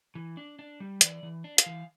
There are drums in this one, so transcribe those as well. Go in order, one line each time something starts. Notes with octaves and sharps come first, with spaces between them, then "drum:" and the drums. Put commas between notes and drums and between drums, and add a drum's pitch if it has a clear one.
E3
D4
D4
G3
E3 D5, drum: hi-hat
E3
D4
F5, drum: hi-hat
E3